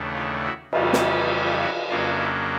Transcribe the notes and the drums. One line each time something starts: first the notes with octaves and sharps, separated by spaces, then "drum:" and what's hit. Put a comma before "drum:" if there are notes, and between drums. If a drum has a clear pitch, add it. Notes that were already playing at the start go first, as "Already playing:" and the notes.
Already playing: D#2 C#3 E3 A3 D4
F4
E4 F#4
F2 C#3 E3 G3 F4, drum: cymbal
drum: snare
E4 F#4
F2 C#3 F#3 A#3 D4 F4
E4